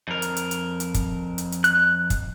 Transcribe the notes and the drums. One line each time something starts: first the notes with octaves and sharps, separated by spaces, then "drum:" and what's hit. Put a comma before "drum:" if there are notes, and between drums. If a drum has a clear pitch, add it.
F2 A#4
drum: hi-hat
drum: hi-hat
drum: hi-hat
drum: hi-hat
drum: kick, hi-hat
drum: hi-hat
drum: hi-hat
F#6, drum: hi-hat
drum: kick, hi-hat